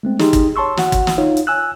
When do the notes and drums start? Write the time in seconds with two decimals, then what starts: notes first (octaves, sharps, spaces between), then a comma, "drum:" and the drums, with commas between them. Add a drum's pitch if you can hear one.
0.03 G#3 A3 C4
0.19 D#4 G4 G#4 C6, drum: snare
0.33 drum: kick, hi-hat
0.56 C#5 A5 C6 C#6 E6
0.77 F#4 F#5, drum: snare
0.92 drum: kick, hi-hat
1.07 drum: snare
1.18 D#4 F4 C#5 F5
1.37 drum: hi-hat
1.47 G#5 E6 F#6